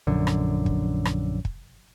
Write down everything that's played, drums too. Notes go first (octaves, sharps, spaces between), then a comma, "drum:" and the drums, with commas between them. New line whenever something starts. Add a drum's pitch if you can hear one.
A#1 F#2 D3
drum: rim click
drum: kick
drum: rim click
drum: kick